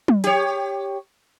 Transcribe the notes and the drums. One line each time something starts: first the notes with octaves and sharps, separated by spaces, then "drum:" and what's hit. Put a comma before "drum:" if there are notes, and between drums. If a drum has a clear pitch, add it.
drum: tom
G4 C#5, drum: hi-hat